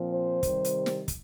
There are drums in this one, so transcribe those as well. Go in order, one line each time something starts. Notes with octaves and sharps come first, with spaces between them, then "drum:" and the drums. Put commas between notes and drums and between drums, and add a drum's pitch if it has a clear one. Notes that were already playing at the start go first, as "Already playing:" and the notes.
Already playing: A#2 F3 C4
C5
C3 D#3 G3, drum: kick, hi-hat
drum: hi-hat
drum: snare
drum: kick, hi-hat